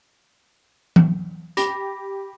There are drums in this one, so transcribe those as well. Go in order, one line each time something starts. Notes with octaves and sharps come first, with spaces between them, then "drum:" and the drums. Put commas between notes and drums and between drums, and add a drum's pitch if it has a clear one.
drum: tom E3
G4 B5 D6 A#6, drum: hi-hat